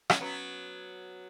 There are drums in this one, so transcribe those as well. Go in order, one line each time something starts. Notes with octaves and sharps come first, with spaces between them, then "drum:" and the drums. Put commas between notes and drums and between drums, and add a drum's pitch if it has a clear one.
C#4, drum: rim click
F#3 B3